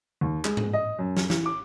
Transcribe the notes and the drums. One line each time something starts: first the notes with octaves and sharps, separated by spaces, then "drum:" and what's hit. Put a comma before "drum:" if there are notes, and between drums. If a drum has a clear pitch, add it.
D#2
G#3, drum: clap
drum: tom G#2
D#5
F#2
drum: snare
E3, drum: snare
D6